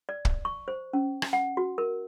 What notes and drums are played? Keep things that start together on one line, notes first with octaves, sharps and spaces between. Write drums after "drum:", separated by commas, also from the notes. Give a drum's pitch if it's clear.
D5
drum: kick
C#6
C5
C#4
drum: rim click
F#5
F#4
A#4